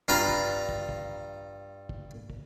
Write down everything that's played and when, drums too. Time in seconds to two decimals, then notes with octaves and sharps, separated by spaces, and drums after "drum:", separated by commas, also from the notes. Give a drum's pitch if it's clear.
0.08 G2 F4 F5 A#5 B5
0.28 drum: kick
0.69 drum: kick
0.89 drum: kick
1.89 drum: kick
2.30 drum: kick